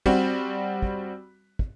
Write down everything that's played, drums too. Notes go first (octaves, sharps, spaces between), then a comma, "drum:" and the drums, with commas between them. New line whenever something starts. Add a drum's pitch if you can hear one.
G3 C4 F#4, drum: kick
drum: kick
drum: kick